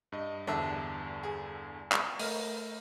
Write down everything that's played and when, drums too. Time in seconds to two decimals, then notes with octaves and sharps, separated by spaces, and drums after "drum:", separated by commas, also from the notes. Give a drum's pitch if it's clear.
0.12 G2 D#5
0.47 E2 G2 D3 D4 E5
1.23 G#4
1.92 drum: clap
2.19 A3 A#4 F6, drum: open hi-hat